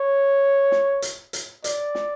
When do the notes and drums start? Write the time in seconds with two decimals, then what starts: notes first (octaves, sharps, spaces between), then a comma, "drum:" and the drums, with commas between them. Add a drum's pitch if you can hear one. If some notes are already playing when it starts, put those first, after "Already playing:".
Already playing: C#5
0.72 drum: snare
1.02 drum: hi-hat
1.33 drum: hi-hat
1.64 D5, drum: hi-hat
1.95 drum: snare